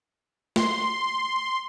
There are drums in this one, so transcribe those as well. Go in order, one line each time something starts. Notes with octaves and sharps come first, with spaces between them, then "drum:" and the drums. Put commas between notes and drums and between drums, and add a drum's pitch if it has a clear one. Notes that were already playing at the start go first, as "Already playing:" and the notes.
C6, drum: snare